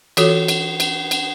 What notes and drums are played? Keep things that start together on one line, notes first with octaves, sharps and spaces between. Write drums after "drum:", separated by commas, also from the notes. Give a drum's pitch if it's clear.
E3 F4 F#4 A4 C#5, drum: cymbal
drum: cymbal
drum: cymbal
drum: cymbal